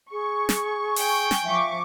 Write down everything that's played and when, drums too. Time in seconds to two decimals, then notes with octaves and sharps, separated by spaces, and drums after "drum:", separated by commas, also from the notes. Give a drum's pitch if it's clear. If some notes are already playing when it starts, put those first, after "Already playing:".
0.12 G#4 C#6
0.49 drum: snare
0.96 G5 G#5, drum: open hi-hat
1.31 drum: snare
1.45 F3 E5 C#6 D6